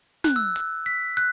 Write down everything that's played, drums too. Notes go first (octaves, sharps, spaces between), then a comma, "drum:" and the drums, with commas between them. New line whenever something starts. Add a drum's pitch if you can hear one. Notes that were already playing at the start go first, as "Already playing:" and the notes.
F#6, drum: snare
E6
drum: hi-hat
B6
F#6